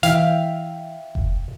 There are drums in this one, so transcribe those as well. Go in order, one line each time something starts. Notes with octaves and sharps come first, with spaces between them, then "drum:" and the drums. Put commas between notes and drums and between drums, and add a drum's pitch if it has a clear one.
E3 E5 F5 G5 E6, drum: hi-hat
drum: kick F1